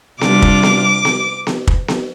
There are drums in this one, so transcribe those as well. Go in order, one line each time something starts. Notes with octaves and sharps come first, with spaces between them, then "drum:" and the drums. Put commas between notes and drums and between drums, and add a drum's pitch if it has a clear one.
C3 G3 D4 F4 D6, drum: snare B3
drum: kick
drum: snare B3
drum: snare B3
drum: snare B3
drum: kick
drum: snare B3